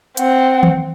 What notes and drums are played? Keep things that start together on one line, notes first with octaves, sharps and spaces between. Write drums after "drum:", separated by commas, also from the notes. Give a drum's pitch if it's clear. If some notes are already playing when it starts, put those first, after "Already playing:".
C4 F#5, drum: hi-hat
drum: tom D#3